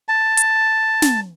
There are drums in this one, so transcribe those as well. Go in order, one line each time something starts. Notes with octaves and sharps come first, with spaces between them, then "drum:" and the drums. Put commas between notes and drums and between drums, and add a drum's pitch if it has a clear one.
A5
drum: hi-hat
drum: snare